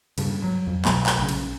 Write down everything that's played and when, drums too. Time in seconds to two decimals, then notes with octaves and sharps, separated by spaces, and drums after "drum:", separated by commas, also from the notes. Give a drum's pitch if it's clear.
0.18 G2 C#3, drum: cymbal
0.44 F#3
0.67 F2
0.85 C2 B2 F#3 A3, drum: clap
1.06 drum: clap
1.18 A#1 C#3
1.29 drum: cymbal